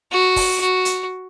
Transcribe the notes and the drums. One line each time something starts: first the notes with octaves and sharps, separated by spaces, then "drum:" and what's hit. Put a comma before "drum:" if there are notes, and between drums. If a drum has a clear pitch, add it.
F#4
drum: kick, open hi-hat
F#4
drum: hi-hat